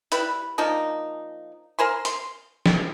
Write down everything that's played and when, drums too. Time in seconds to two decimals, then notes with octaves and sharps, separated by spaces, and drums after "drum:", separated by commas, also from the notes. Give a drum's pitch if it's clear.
0.12 G3 E4 B4, drum: hi-hat
0.58 F3 A#3 D4 D#4
1.79 A#4 C5 G#5 C6
2.05 C6, drum: hi-hat
2.66 drum: snare